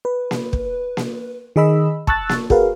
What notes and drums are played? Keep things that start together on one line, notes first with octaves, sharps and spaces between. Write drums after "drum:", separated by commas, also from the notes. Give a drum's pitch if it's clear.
B4
drum: snare A#3
drum: kick
drum: snare A#3
D#3 G#4 D#5 B5 E6
A5 C#6 E6 F#6 A6, drum: kick
drum: snare A#3
F#4 G#4 A#4 B4 F5, drum: kick